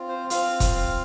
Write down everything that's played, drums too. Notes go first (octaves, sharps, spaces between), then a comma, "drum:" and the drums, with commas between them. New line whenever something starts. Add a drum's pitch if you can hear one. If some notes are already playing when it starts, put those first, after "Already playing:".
Already playing: C4 F4
C5
C4 F4 F5, drum: hi-hat
drum: kick E1, hi-hat
F5